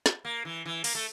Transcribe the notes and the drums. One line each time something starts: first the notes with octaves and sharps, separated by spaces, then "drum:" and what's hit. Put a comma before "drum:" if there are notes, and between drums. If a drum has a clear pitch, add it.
drum: snare
A#3
E3
E3
A#3, drum: open hi-hat
A3